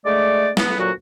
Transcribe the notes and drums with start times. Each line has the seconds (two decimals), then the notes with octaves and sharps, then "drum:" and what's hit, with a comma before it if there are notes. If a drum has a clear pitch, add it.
0.05 D3 G#3 A3 D5
0.57 B3, drum: snare
0.79 D2 A#2 F#3 F#4